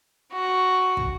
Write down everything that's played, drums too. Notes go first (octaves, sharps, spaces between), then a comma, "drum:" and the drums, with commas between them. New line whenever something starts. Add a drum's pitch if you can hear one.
F#4
drum: kick